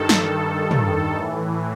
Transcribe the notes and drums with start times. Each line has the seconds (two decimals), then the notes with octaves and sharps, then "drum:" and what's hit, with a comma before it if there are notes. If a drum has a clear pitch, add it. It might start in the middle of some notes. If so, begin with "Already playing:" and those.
Already playing: G2 D#3 A4
0.09 drum: snare
0.71 A4, drum: tom
1.16 A2 E3